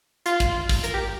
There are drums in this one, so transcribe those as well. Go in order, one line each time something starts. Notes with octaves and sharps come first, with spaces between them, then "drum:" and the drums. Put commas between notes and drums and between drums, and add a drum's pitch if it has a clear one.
F4, drum: hi-hat
drum: kick, hi-hat
drum: kick, open hi-hat
A#4, drum: hi-hat
G4